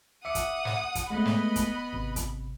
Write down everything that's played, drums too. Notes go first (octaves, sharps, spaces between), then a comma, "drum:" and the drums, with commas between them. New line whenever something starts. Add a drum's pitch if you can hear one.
E5 F#5 D6 D#6 C#7
drum: kick, hi-hat
drum: snare
drum: kick, hi-hat
G#3 A3 B3 B4 D#5 B5
drum: snare
drum: kick, hi-hat
G#1 C3
drum: kick, hi-hat